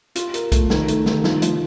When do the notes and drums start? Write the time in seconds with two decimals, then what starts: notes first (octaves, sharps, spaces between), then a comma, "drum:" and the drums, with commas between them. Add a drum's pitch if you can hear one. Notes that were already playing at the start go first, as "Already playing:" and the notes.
0.15 F4, drum: hi-hat
0.34 A#4, drum: hi-hat
0.52 A3, drum: kick B1, hi-hat
0.70 D#3, drum: snare
0.88 A3, drum: hi-hat
1.06 D#3, drum: snare
1.24 F3, drum: snare
1.42 F3, drum: hi-hat